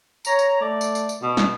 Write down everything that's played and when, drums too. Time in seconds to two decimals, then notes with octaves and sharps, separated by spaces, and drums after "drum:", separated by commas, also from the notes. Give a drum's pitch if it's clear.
0.25 C#5 A#5, drum: tambourine
0.39 drum: tambourine
0.59 A3 D5
0.81 drum: tambourine
0.95 drum: tambourine
1.09 drum: tambourine
1.20 B2
1.37 drum: snare